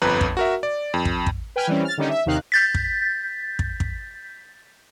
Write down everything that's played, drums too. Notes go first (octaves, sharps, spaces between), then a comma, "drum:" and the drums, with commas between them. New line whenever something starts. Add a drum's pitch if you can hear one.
G1 F2 B4 A#5
drum: kick
F#4 A#4 E5
D5
F2
drum: kick
drum: kick
B4 G5 G#5 F6
E3 G3 C4 C#4
F6 A6
D3 D#3 G3 C#4 D#4
E5
D#2 C3 D#3 D#4 F5 F#6
G6 A6 B6
drum: kick
drum: kick
drum: kick